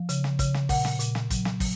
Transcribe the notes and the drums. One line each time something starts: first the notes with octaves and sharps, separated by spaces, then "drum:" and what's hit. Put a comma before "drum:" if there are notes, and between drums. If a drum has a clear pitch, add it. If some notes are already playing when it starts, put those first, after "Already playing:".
Already playing: F3
C#3, drum: hi-hat
drum: snare
C#3, drum: kick, hi-hat
drum: snare
A#2 F#5, drum: kick, open hi-hat
drum: snare
A#2, drum: hi-hat
drum: snare
F#3, drum: kick, hi-hat
drum: snare
F#3, drum: kick, open hi-hat